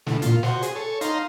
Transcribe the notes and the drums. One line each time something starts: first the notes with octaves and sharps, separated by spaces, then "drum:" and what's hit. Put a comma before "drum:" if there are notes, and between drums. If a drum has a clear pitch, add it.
D3 E3 A3, drum: snare
A#2 F4, drum: hi-hat
F#4 C5, drum: snare
G#4, drum: hi-hat
A4 C#5
D#4 F5 A#5 C6, drum: hi-hat